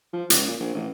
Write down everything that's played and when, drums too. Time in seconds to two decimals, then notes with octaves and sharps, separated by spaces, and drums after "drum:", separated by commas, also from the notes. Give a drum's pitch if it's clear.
0.13 F3
0.30 C#2, drum: hi-hat
0.47 A#2
0.60 A#1
0.74 A1